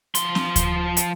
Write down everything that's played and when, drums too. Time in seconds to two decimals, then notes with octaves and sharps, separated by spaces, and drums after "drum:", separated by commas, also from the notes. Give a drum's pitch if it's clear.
0.15 F3 C6, drum: hi-hat
0.35 drum: snare C4
0.56 drum: kick D2, hi-hat
0.97 drum: hi-hat